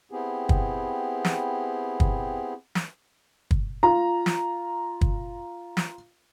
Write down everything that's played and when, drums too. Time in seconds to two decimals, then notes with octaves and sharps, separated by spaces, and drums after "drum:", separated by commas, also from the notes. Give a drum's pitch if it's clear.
0.11 B3 C4 E4 G4 G#4
0.49 drum: kick
1.25 drum: snare
2.00 drum: kick
2.75 drum: snare
3.51 drum: kick
3.83 F4 A#5
4.26 drum: snare
5.01 drum: kick
5.77 drum: snare